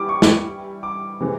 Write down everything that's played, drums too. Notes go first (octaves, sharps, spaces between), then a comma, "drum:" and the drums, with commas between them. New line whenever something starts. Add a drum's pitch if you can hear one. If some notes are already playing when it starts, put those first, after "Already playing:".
Already playing: E3 G3 E4 G4 D6
C#6
drum: snare
D6
C3 E3 G#3